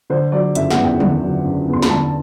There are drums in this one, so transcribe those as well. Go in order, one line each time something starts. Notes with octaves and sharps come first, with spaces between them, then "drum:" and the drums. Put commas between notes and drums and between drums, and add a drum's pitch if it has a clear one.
D3 C5
F#3 D5
F#1 E5, drum: hi-hat
F#5, drum: snare
E2
G5
D3, drum: tom
F#3
F#1
E2
C6
B5, drum: snare
D3 A5